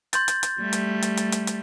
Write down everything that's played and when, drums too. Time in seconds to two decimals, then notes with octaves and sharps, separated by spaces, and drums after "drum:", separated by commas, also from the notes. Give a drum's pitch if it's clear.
0.13 C6 G6 A6, drum: hi-hat
0.28 drum: hi-hat
0.43 drum: hi-hat
0.61 G3 A3
0.73 drum: hi-hat
1.02 drum: hi-hat
1.17 drum: hi-hat
1.32 drum: hi-hat
1.47 drum: hi-hat